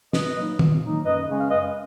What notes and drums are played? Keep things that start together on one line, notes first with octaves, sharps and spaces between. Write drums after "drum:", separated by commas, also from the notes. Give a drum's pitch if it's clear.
A#2 B4 D#5, drum: snare
F#3 A#3 D#4
A#2, drum: tom D#3
F#3 A#3 D#4
F#2 B4 D#5
C#3 G#3 C#4
F5
F#2 B4 D#5